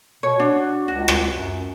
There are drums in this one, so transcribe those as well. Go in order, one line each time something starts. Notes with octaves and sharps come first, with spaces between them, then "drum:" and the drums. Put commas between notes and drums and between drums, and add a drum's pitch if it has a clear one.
B2 C#5
D4 F#4
C#2 F#4
drum: rim click
F#2